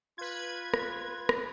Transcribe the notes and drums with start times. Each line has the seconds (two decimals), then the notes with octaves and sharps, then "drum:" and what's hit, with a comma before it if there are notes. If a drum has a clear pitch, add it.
0.18 F4 B4 G#6
0.74 drum: rim click
1.29 drum: rim click